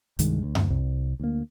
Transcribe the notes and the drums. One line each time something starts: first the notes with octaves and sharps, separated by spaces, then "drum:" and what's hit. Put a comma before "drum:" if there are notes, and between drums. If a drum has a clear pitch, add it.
C2 G2 D#3 G#3, drum: hi-hat
D2
drum: tom F#2
C2
D2 A#3